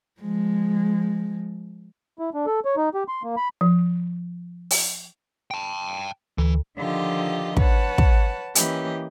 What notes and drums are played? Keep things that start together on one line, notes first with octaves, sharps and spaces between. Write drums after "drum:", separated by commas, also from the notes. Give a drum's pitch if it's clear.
F3 G#3
E4
D4
A4
C#5
D#4
G4
C6
A#3
B5
F3
drum: open hi-hat
G5 A5
D2 E3
D3 D#3 F3 F4 G4 D#5
B4 C#5 F#5 A5, drum: kick
drum: kick
E3 A#3 C#4 G4 B4 D#5, drum: hi-hat